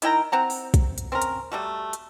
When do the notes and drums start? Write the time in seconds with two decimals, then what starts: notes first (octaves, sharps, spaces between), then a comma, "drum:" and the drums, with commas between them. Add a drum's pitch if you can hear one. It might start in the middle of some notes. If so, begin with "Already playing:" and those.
0.02 D#3 E4 G5 A#5, drum: hi-hat
0.32 C4 F#5 A#5
0.50 drum: open hi-hat
0.74 drum: kick, hi-hat
0.98 drum: hi-hat
1.12 C4 C#4 A#4
1.22 drum: hi-hat
1.52 G3 A3 F#4
1.93 drum: hi-hat